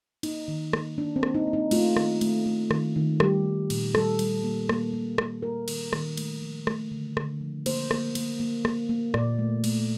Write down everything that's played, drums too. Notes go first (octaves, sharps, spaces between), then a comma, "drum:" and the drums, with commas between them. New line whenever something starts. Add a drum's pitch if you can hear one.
A#3 D#4, drum: cymbal
D#3
A#3, drum: rim click
A#3 D4
C4
A#3, drum: rim click
D#4
A#3
D#4
A3 F4, drum: cymbal
D#3, drum: rim click
A3, drum: cymbal
A3
D#3, drum: rim click
D#3
G3 G4, drum: rim click
G3
A#2, drum: cymbal
G3 A4, drum: rim click
G3, drum: cymbal
A#3
A#3, drum: rim click
A#3
A#3, drum: rim click
A#3 A#4
D#3, drum: cymbal
D#3, drum: rim click
A3, drum: cymbal
F3
A3, drum: rim click
D3
D3, drum: rim click
F3
A#3 C5, drum: cymbal
A#3, drum: rim click
A#3, drum: cymbal
A#3
A#3, drum: rim click
A#3
A#2 D5, drum: rim click
A3
A3, drum: cymbal